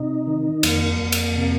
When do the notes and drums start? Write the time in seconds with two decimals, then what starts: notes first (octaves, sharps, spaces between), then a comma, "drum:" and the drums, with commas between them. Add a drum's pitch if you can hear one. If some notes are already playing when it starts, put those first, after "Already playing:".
Already playing: C3 D#4
0.27 D#3
0.63 F2 A#3, drum: cymbal
1.00 F2
1.12 drum: cymbal
1.37 C3